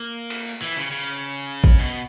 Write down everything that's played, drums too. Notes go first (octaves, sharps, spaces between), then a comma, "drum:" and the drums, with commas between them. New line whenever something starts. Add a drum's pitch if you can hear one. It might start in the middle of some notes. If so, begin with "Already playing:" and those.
Already playing: A#3
drum: cymbal
E3
C#3
C#3
drum: kick
B2